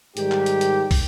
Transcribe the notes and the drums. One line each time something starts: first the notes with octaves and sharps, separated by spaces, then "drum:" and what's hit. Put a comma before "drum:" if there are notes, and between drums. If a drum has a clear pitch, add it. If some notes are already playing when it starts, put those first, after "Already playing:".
G#2 D#3 G3 G4, drum: hi-hat
drum: clap
drum: hi-hat
drum: hi-hat
drum: kick, open hi-hat